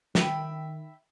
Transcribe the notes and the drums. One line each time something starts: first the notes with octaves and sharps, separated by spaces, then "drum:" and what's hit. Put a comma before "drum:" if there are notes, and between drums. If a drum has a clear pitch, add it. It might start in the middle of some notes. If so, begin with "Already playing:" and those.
D#3 E5 G5 B5, drum: snare